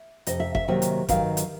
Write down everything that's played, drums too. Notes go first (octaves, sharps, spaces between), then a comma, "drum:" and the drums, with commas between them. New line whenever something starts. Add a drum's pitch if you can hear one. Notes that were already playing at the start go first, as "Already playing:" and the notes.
Already playing: E5
F2 C3 D#5, drum: hi-hat
E5
E5, drum: kick G1
C3 D#3 F#3 A#3 E5
drum: hi-hat
G2 D#3 F#3 F5, drum: kick G1, hi-hat
drum: hi-hat